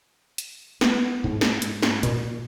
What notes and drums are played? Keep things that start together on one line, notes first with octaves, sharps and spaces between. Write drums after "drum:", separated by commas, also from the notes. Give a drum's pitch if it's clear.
drum: hi-hat
B3, drum: snare
G#2
drum: snare
drum: hi-hat
drum: snare
A#2, drum: hi-hat